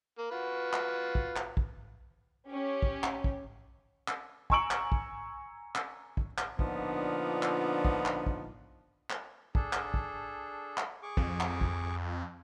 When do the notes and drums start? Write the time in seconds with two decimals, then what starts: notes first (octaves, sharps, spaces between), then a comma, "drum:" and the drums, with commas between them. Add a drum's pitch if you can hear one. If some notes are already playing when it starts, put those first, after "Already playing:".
0.18 A#3
0.31 F4 F#4 B4
0.73 drum: clap
1.15 drum: kick
1.36 drum: clap
1.57 drum: kick
2.50 C#4 G4
2.82 drum: kick
3.03 drum: clap
3.24 drum: kick
4.08 drum: clap
4.50 G#5 A#5 C#6 E6 D7 F#7, drum: kick
4.71 drum: clap
4.92 drum: kick
5.75 drum: clap
6.17 drum: kick
6.38 drum: clap
6.59 A#2 D3 F3 B3 D4 D#4, drum: kick
7.43 drum: clap
7.85 drum: kick
8.06 drum: clap
8.26 drum: kick
9.10 drum: clap
9.55 D4 G#4 A4, drum: kick
9.73 drum: clap
9.94 drum: kick
10.77 drum: clap
11.03 G#4 C#6 D6
11.17 F2, drum: kick
11.40 drum: clap
11.61 drum: kick